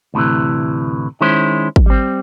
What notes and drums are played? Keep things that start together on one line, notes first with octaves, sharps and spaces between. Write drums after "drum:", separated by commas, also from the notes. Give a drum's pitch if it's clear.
D2 A2 C3 E3
D#3 G#3 C#4 E4 C5
drum: kick G#1
G3 C4